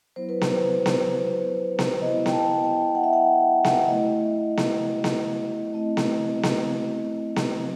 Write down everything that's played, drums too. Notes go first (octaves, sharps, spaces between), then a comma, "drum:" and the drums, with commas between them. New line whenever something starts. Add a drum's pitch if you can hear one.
F#3 B3 E4 C5
B4
C5, drum: snare B3
drum: snare B3
drum: snare B3
B3 E4 D#5
G5, drum: snare B3
A5
G5
F#5
E5
F#5
drum: snare B3
A3 E4 D#5
drum: snare B3
drum: snare B3
A3 C4 E4 D#5
drum: snare B3
drum: snare B3
drum: snare B3
F#3 C4